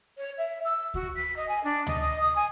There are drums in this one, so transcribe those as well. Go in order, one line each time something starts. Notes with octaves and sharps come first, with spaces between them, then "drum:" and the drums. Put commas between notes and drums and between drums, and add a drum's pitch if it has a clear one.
C#5
E5
E6
F#4, drum: kick D2
B6
D#5
G#5
D4
D#5, drum: tom D2
D#5
D#6
G#5